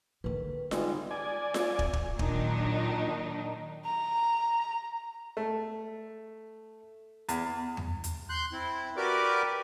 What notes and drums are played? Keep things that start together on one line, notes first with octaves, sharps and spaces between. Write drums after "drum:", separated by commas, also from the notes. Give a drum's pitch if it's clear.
D3 D#3 B4
G3 G#3 D#4 F4, drum: snare F4
D5 G#5
drum: snare F4
drum: kick
drum: kick
A#2 D#3 F#3 D4 D#4, drum: kick
A#5
A3
E2, drum: hi-hat
drum: tom E2
drum: hi-hat
C6 F#6 G6
C4 E4
F#4 G4 A#4 B4 D5 D6